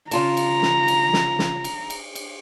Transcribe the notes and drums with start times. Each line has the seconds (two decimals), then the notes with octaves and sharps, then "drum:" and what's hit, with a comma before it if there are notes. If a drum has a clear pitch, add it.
0.11 C#3 F4 A5 A#5, drum: cymbal
0.37 drum: cymbal
0.62 drum: snare
0.88 drum: cymbal
1.13 drum: snare
1.39 drum: snare
1.64 drum: cymbal
1.90 drum: cymbal
2.15 drum: cymbal